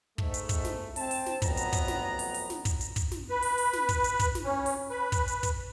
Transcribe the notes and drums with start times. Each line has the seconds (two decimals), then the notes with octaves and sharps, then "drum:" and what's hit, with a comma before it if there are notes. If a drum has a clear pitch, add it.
0.18 G#2 A3, drum: kick
0.34 drum: hi-hat
0.49 drum: kick, hi-hat
0.65 drum: snare
0.96 C4 A5, drum: open hi-hat
1.11 drum: open hi-hat
1.26 drum: snare
1.42 A1 F2 F#3 B3 A#5, drum: kick, hi-hat
1.57 drum: hi-hat
1.73 drum: kick, hi-hat
1.88 drum: snare
2.19 drum: open hi-hat
2.34 drum: open hi-hat
2.50 drum: snare
2.65 drum: kick, hi-hat
2.81 drum: hi-hat
2.96 drum: kick, hi-hat
3.12 drum: snare
3.30 B4
3.42 drum: open hi-hat
3.58 drum: open hi-hat
3.73 drum: snare
3.89 drum: kick, hi-hat
4.04 drum: hi-hat
4.20 drum: kick, hi-hat
4.35 drum: snare
4.44 C#4
4.66 drum: open hi-hat
4.90 B4
5.12 drum: kick, hi-hat
5.28 drum: hi-hat
5.43 drum: kick, hi-hat